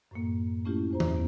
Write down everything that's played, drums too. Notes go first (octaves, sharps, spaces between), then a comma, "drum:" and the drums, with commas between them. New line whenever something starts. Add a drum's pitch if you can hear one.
F#2 A2 A#3
A3 C#4 E4 F4 G4
E2 C5 A#5
drum: tom E3
E2 B3